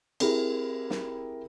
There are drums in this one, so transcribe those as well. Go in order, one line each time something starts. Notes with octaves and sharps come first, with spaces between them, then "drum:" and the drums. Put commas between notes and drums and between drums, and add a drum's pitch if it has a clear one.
C4 E4 G4 G#4 A#4, drum: cymbal
drum: snare